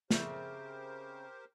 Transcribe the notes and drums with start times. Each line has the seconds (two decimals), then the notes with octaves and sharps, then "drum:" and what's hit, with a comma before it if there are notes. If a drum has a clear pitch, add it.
0.11 C#3 C4 G4 A#4 C5 E5, drum: snare